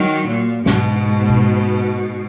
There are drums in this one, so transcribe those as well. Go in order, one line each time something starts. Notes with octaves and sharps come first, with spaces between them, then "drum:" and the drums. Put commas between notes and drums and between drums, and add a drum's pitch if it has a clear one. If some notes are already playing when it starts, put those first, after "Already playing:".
Already playing: D#3 F#3
A#2
G#2 B2, drum: snare
drum: tom B2